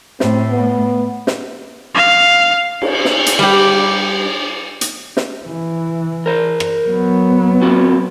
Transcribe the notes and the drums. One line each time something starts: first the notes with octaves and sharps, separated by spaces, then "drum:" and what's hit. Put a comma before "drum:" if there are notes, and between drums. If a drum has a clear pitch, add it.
A2 C4, drum: snare
B3
drum: snare
F5
drum: cymbal
drum: snare
drum: hi-hat
G3 G4
drum: hi-hat
drum: snare
E3
A#4 C5
drum: rim click
F#3 B3
C4 F4 F#4